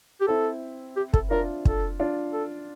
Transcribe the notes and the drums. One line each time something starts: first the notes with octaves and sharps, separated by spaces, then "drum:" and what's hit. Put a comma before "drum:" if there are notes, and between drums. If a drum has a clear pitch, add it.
G4
C4 E4 A4
G4
A4, drum: kick
D4 F4 A#4
A4, drum: kick
D4 F4
A4